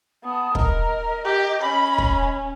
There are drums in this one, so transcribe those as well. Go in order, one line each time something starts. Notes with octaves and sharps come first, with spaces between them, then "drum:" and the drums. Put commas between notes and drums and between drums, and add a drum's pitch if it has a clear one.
B3 A5 D#6
A#4 D#5, drum: kick
G4
C#4 B5
drum: kick